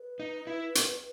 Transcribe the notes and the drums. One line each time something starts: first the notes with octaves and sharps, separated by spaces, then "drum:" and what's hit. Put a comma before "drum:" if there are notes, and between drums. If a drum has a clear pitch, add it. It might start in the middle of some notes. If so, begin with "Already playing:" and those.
Already playing: B4
D#4
E4
drum: hi-hat